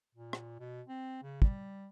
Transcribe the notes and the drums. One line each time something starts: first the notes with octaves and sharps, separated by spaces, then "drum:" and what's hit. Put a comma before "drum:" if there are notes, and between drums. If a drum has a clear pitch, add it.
A#2
drum: rim click
B2
C4
C#3
G3, drum: kick